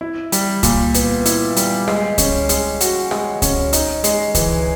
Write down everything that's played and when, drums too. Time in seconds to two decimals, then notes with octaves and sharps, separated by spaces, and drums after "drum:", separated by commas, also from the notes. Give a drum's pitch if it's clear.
0.01 E4
0.32 G3, drum: hi-hat
0.63 A#2, drum: kick C#2, hi-hat
0.94 B3, drum: hi-hat
1.25 E4, drum: hi-hat
1.56 G3, drum: hi-hat
1.88 G#3, drum: rim click
2.18 C#4, drum: kick C#2, hi-hat
2.49 G#3, drum: hi-hat
2.81 F#4, drum: hi-hat
3.11 G#3, drum: rim click
3.42 C#4, drum: kick C#2, hi-hat
3.73 D#4, drum: hi-hat
4.04 G#3, drum: hi-hat
4.35 E3, drum: kick C#2, hi-hat